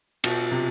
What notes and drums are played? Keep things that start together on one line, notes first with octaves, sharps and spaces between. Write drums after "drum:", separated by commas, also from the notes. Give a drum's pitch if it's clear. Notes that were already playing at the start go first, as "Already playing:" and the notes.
B2 F4, drum: cymbal
C3